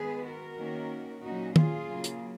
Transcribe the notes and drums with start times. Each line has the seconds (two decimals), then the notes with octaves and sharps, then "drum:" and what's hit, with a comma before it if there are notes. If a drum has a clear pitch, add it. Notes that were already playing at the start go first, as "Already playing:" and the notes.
Already playing: D#3 G#3 B3 G#4 B4
0.25 F#4 A#4
0.58 D#3 A#3 C#4
1.23 A#2 F#3 C#4 D#4 F#4
1.56 F4 G#4, drum: tom
1.88 C#3 F#3 A#3
2.04 drum: hi-hat